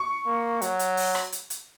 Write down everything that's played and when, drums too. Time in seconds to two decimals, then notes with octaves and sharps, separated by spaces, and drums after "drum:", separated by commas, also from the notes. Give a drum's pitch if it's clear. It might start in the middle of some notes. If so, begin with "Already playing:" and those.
Already playing: C#6
0.26 A#3
0.62 F#3, drum: hi-hat
0.79 drum: hi-hat
0.97 drum: open hi-hat
1.15 drum: rim click
1.32 drum: hi-hat
1.50 drum: hi-hat